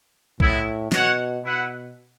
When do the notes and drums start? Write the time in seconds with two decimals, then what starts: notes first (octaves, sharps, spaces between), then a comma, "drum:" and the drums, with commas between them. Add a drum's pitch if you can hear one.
0.40 A2 G#3 B3 E4, drum: kick B1
0.92 B2 F#4 C#5 F#5, drum: snare
1.44 B2 E4 B4 F#5